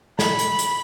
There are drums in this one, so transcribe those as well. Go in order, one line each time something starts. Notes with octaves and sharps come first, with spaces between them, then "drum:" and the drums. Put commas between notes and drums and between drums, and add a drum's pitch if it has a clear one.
B5, drum: snare
drum: hi-hat
drum: hi-hat